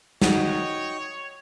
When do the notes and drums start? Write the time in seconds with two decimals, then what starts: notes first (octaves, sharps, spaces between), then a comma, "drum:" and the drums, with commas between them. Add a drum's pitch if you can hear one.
0.22 D#4 F#4 C#5 D#5 G5, drum: snare